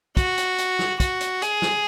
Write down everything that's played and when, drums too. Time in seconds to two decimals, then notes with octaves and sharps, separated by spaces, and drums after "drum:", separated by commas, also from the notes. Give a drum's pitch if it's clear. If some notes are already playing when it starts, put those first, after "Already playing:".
0.17 F#4, drum: kick, hi-hat
0.38 drum: hi-hat
0.58 drum: hi-hat
0.79 drum: snare
1.00 F#4, drum: kick, hi-hat
1.21 drum: hi-hat
1.42 G#4, drum: hi-hat
1.62 drum: snare